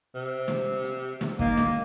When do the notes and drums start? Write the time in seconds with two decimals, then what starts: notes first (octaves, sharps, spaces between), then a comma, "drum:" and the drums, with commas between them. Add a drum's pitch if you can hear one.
0.14 C3
0.48 drum: snare
0.84 drum: hi-hat
1.21 drum: snare
1.39 D#3 A#3, drum: kick
1.57 drum: snare